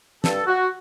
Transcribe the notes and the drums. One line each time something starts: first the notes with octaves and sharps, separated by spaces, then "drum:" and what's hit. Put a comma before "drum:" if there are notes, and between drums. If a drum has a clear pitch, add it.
G2 A4, drum: snare
F#4